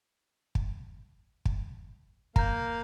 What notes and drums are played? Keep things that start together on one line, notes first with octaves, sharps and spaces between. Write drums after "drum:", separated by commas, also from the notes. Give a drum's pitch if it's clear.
drum: kick
drum: kick
A#3 A#4 F5 A#5 G6, drum: kick